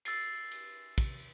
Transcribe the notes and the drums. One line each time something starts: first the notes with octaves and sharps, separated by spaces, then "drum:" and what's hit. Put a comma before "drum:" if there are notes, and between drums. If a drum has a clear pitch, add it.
E6 A6 C7, drum: cymbal
drum: cymbal
drum: kick, cymbal